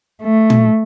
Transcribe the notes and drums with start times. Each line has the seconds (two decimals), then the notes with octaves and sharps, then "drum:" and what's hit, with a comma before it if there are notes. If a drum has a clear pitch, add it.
0.22 A3
0.50 drum: tom A#2